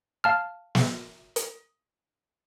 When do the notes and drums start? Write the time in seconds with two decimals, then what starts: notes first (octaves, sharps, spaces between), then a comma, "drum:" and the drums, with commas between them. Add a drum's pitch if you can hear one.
0.24 F5 A5 F6
0.75 drum: snare
1.36 drum: hi-hat